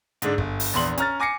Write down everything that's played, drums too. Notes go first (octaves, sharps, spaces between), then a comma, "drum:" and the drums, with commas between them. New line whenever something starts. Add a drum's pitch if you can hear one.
G#2 D3 G#3 D4, drum: hi-hat
G1, drum: kick
drum: open hi-hat
A#1 E2 C6 F#7
C#4 A#5 F6 A6, drum: hi-hat
G#5 D6 A#6 C7 C#7